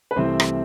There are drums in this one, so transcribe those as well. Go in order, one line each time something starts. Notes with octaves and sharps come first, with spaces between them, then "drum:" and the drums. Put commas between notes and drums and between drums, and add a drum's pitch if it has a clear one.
B4
C2 C3 E3 A3 C4 C5
drum: rim click